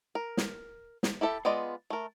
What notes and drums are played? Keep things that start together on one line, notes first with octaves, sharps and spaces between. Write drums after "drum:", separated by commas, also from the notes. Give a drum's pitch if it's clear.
A#4
drum: snare
drum: snare
E4 G4 A4 E5
G#3 B3 F4 D5 D#5
A3 A#4